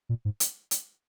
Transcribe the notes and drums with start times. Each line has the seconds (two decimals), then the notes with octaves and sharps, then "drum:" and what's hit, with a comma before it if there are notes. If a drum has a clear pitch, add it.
0.09 A#2
0.25 G#2
0.40 drum: hi-hat
0.71 drum: hi-hat